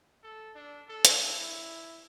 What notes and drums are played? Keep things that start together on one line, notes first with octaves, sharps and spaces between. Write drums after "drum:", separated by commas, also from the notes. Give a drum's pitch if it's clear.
A4
D4
A4
drum: hi-hat
E4